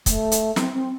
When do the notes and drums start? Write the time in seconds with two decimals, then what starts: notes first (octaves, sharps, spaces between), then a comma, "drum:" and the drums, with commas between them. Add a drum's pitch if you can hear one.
0.06 A3, drum: kick, hi-hat
0.32 drum: hi-hat
0.56 C4, drum: snare
0.74 C4